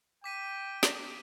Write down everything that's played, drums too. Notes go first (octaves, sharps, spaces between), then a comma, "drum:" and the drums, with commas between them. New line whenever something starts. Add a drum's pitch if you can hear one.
G5 D6 B6 D#7
drum: snare